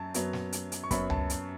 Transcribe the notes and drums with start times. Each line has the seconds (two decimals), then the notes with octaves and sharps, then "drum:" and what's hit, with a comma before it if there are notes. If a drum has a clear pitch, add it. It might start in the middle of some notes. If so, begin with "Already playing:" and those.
Already playing: F#2 F#3 A5
0.14 F#2 F#3 B3, drum: hi-hat
0.33 drum: snare
0.52 drum: hi-hat
0.72 drum: hi-hat
0.84 C#6
0.91 F#2 F#3 B3 B5, drum: kick, hi-hat
1.10 A5, drum: tom C#2
1.30 drum: hi-hat